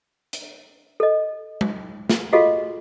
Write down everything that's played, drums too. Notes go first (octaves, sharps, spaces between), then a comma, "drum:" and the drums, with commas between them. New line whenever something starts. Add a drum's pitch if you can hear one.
drum: hi-hat
A4 D#5
drum: tom G#3
drum: snare
F4 F#4 G#4 A4 D#5 F5